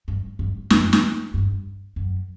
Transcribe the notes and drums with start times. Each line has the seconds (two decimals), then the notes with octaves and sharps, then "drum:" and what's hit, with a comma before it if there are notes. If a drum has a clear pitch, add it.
0.08 G2
0.39 G2
0.70 F#2, drum: snare
0.93 drum: snare
1.34 G2
1.96 F#2